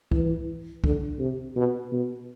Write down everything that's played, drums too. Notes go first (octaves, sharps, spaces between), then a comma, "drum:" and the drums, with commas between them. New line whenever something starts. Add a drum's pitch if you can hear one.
E3, drum: kick C2
D3, drum: kick C2
C3
B2
B2